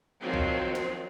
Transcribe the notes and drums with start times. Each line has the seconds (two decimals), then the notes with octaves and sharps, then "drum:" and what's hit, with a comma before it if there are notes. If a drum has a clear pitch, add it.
0.20 D#3 F3 F#3 C4
0.34 drum: kick
0.75 drum: snare